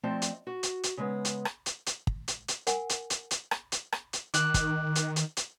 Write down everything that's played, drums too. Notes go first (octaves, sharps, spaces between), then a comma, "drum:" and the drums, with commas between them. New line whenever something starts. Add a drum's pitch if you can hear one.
F3 A3 C4 D5 D#5 A5
drum: hi-hat
F#4
drum: hi-hat
drum: hi-hat
C#3 G#3 B3
drum: hi-hat
drum: rim click
drum: hi-hat
drum: hi-hat
drum: kick
drum: hi-hat
drum: hi-hat
A#4 F#5 G#5, drum: hi-hat
drum: hi-hat
drum: hi-hat
drum: hi-hat
drum: rim click
drum: hi-hat
drum: rim click
drum: hi-hat
D#3 D6 F#6, drum: hi-hat
drum: kick, hi-hat
drum: hi-hat
drum: hi-hat
drum: hi-hat